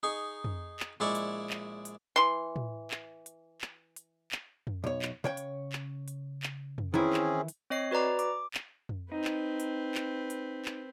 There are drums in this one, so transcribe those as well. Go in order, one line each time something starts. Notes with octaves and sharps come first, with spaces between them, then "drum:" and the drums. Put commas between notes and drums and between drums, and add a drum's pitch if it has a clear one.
D#4 G#4 C#6
drum: tom F2
drum: clap
A#1 G#3 E4 D5 C#6 D6
drum: hi-hat
drum: clap
drum: hi-hat
E3 C6
drum: tom A2
drum: clap
drum: hi-hat
drum: clap
drum: hi-hat
drum: clap
drum: tom F2
B1 C#5
drum: clap
C#3 C#5 G5
drum: hi-hat
drum: clap
drum: hi-hat
drum: clap
drum: tom F2
D#3 E3 C4 C#4 E4 G#4
drum: clap
drum: hi-hat
C4 C#5 D#5 C7
F#4 B4 D5 A#5 D6
D6, drum: hi-hat
drum: clap
drum: tom F2
C4 D#4 B4
drum: clap
drum: hi-hat
drum: clap
drum: hi-hat
drum: clap